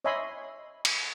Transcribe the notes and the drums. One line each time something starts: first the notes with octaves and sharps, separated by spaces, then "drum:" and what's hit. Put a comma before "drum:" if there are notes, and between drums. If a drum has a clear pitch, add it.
C#5 D#5 E5 G#5 B5 C6
drum: cymbal